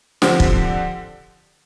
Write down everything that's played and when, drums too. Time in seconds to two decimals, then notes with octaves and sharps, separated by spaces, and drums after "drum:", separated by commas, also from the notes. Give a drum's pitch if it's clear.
0.22 D3 F3 C4 G4, drum: snare
0.40 drum: kick